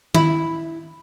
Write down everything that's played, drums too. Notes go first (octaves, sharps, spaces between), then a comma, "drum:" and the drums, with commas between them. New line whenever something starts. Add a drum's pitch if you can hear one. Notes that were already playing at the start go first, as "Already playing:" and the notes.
E4, drum: tom D#3